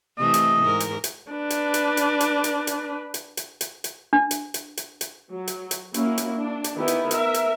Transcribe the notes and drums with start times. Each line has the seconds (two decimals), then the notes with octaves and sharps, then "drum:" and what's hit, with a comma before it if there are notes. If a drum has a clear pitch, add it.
0.18 C3 E3 A3 D#5
0.34 drum: hi-hat
0.63 G#2 A#4
0.80 drum: hi-hat
1.04 drum: hi-hat
1.31 D4 B4
1.50 drum: hi-hat
1.74 drum: hi-hat
1.97 drum: hi-hat
2.20 drum: hi-hat
2.44 drum: hi-hat
2.67 drum: hi-hat
3.14 drum: hi-hat
3.37 drum: hi-hat
3.61 drum: hi-hat
3.84 drum: hi-hat
4.13 D4
4.31 drum: hi-hat
4.54 drum: hi-hat
4.77 drum: hi-hat
5.01 drum: hi-hat
5.32 F#3
5.47 drum: hi-hat
5.71 drum: hi-hat
5.94 A#3 C#4 E4 F#4, drum: hi-hat
6.18 drum: hi-hat
6.35 D4
6.64 drum: hi-hat
6.76 D#3 B3 E4 G4
6.88 drum: hi-hat
7.11 A#4 E5, drum: hi-hat
7.34 drum: hi-hat